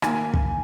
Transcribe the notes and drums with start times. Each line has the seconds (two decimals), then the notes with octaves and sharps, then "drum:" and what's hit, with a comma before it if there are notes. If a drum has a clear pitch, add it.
0.02 D#3 A#3 G#5, drum: rim click
0.34 drum: kick